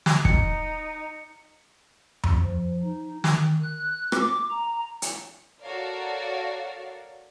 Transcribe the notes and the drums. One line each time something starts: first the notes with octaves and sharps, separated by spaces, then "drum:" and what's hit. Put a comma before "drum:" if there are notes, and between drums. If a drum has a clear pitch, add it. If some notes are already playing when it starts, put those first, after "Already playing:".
drum: snare
D#4 C#7, drum: kick
drum: tom F2
F3
D#4
D#3, drum: snare
F#6
D6, drum: rim click
A#5
drum: hi-hat
F#4 A4 A#4 C#5 D5 F5